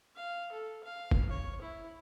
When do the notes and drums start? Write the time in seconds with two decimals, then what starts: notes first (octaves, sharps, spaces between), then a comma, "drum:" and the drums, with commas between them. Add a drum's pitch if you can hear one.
0.16 F5
0.52 A4
0.84 F5
1.11 drum: kick
1.30 C#5
1.61 E4